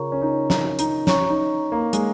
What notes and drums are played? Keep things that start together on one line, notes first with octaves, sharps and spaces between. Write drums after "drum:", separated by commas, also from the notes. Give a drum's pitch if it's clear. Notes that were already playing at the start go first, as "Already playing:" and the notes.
Already playing: C#3 F4 A#4 C#5 A#5 C#6
C#4
D#4
D#4, drum: snare
D#4, drum: hi-hat
C#4 C#5 A#5 C#6, drum: snare
D#4
A#3
G#3, drum: hi-hat